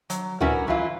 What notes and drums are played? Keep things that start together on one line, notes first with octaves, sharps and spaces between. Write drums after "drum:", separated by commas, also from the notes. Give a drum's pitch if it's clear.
F#3, drum: hi-hat
G3 C#4 E4 F#4 A#4 B4, drum: tom C#2
G#2 E3 F#3 E4 F4